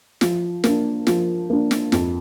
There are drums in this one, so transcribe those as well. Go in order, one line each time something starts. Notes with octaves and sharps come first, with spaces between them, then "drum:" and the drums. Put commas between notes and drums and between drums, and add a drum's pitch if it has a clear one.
F3, drum: snare
A#3 D4, drum: snare
F3, drum: snare
A#3 D4
drum: snare
F2, drum: snare